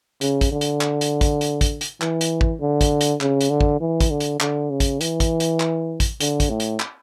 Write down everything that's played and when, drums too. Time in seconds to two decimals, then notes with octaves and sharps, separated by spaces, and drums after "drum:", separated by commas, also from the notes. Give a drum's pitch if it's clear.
0.21 C#3, drum: hi-hat
0.41 drum: kick, hi-hat
0.52 D3
0.61 drum: hi-hat
0.81 drum: clap
1.01 drum: hi-hat
1.21 drum: kick, hi-hat
1.41 drum: hi-hat
1.61 drum: kick, hi-hat
1.81 drum: hi-hat
2.02 E3, drum: clap
2.21 drum: hi-hat
2.41 drum: kick
2.61 D3
2.81 drum: kick, hi-hat
3.01 drum: hi-hat
3.21 C#3, drum: clap
3.41 drum: hi-hat
3.51 D3
3.61 drum: kick
3.81 E3
4.00 drum: kick, hi-hat
4.11 D3
4.20 drum: hi-hat
4.41 D3, drum: clap
4.70 C#3
4.80 drum: kick, hi-hat
5.01 E3, drum: hi-hat
5.20 drum: kick, hi-hat
5.40 drum: hi-hat
5.60 drum: clap
6.00 drum: kick, hi-hat
6.20 D3, drum: hi-hat
6.40 drum: kick, hi-hat
6.50 A2
6.60 drum: hi-hat
6.80 drum: clap